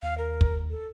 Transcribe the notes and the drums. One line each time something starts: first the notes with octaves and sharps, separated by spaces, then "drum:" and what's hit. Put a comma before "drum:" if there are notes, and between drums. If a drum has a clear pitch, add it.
D#2 F5
A#4
drum: kick
A4